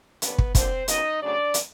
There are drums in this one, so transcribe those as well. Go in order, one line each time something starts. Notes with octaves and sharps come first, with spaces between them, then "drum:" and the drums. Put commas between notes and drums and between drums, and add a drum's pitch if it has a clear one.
G2 D3 G3 A#3 B3 C#4 B4, drum: hi-hat
drum: kick
D3 F3 A#3 C4 C5, drum: kick, hi-hat
F#2 C#3 F#3 B3 D#4 D#5, drum: hi-hat
C#3 F#3 A3 D4 D5
drum: hi-hat